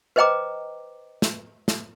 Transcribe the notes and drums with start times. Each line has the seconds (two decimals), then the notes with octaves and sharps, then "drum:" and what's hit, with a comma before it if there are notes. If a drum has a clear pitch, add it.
0.16 B4 C5 D#5 G5 A#5 D6
1.22 drum: snare
1.68 drum: snare